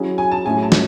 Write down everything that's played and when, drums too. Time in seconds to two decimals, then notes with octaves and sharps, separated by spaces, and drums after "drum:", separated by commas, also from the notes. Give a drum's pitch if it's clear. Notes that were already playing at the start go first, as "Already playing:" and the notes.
Already playing: F#3 C#4 E4 G#4
0.18 G#5
0.32 A5
0.45 A2 F#3 C#4 G#4 G#5
0.63 A5
0.72 drum: snare